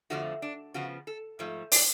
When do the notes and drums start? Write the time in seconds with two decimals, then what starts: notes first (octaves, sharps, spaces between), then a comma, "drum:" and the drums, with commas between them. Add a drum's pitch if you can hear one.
0.10 F2 D3 F3 A3 F#4
0.42 D4
0.74 C#3 F3 B3 F#4
1.07 A4
1.39 G#2 F3 A3
1.72 D5, drum: open hi-hat